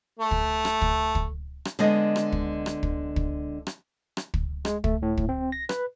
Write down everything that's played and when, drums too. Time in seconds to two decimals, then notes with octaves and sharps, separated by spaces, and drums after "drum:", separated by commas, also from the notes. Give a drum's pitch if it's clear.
0.20 A3
0.31 drum: kick
0.65 drum: rim click
0.82 drum: kick
1.15 drum: kick
1.65 drum: rim click
1.79 D3 G#3 B3 D#5
2.16 drum: rim click
2.32 drum: kick
2.66 drum: rim click
2.83 drum: kick
3.16 drum: kick
3.67 drum: rim click
4.17 drum: rim click
4.34 drum: kick
4.65 G#3, drum: rim click
4.84 A3, drum: kick
5.02 A2
5.17 drum: kick
5.29 C4
5.52 A#6
5.69 B4, drum: rim click